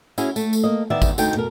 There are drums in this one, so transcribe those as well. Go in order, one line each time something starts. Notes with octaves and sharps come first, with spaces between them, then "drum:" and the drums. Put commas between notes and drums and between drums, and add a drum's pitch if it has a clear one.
C#4 E4 F#4 G#4, drum: tambourine
A3, drum: tambourine
drum: tambourine
A#3 D#5
D#3 E3 B3 D5 E5
drum: kick G#1, tambourine
D2 D#4 A4 G5, drum: tambourine
B2 A#4